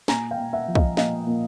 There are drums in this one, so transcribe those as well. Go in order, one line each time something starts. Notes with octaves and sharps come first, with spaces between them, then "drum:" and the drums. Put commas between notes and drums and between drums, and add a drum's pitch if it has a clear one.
A#2 G#5 A#5, drum: snare
F5 G5
A#2
E5 F#5
F3
D#5 F5, drum: kick
A#2 D#5 F5, drum: snare
A#2